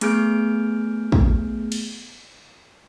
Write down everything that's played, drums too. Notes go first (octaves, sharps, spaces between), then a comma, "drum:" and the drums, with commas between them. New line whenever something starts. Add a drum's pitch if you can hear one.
A3 B3 G#4 F6 G6 D7, drum: hi-hat
drum: kick
drum: cymbal